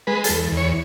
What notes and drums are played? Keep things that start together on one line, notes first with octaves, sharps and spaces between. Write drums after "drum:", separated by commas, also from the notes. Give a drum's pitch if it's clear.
G#3 B4
A4, drum: hi-hat
E2
E2
C#5